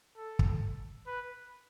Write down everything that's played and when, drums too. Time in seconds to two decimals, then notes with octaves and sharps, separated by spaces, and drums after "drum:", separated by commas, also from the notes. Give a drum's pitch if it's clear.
0.17 A4
0.39 drum: kick
1.07 B4